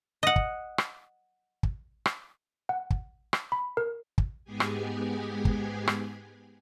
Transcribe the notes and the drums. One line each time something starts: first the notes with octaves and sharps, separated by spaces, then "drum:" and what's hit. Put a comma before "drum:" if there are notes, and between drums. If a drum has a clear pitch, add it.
D#5 F#5
drum: kick
drum: rim click
drum: kick
drum: rim click
F#5
drum: kick
drum: rim click
B5
A#4
drum: kick
G#2 G#3 B3 G4 G#4 G#5
drum: rim click
drum: kick
drum: rim click